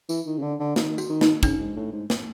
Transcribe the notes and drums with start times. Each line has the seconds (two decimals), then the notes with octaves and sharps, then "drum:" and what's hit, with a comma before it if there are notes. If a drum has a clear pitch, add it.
0.09 E3, drum: tambourine
0.26 D#3
0.38 C#3
0.42 D3
0.60 D3
0.76 D#3, drum: snare
0.98 F#4, drum: tambourine
1.10 D#3
1.21 D#4, drum: snare
1.43 C#3 D4, drum: kick, tambourine
1.60 G#2
1.77 A2
1.93 G#2
2.10 drum: snare